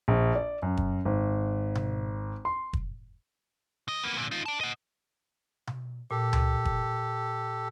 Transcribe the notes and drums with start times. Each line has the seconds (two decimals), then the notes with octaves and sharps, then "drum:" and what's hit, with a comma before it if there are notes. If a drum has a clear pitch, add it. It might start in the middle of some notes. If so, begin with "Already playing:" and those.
0.08 A#1
0.35 D5
0.62 F#2
0.77 drum: kick
1.05 G#1
1.75 drum: tom B2
2.45 C6
2.73 drum: kick
3.88 C#2 D#5
4.03 A#3 B3
4.17 A#2 D3
4.31 D#4 F4
4.46 D5 A5
4.61 D#5 F#5
5.67 drum: tom B2
6.11 A#2 G4 A4
6.33 drum: tom C#2
6.65 drum: kick